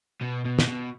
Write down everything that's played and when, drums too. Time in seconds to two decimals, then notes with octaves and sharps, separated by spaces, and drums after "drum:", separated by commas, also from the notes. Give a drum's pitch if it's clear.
0.22 B2
0.45 B2
0.59 drum: snare
0.68 B2